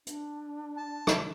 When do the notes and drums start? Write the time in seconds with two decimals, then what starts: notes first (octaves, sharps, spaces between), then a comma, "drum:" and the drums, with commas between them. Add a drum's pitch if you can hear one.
0.07 D4, drum: hi-hat
0.77 A5
1.07 drum: rim click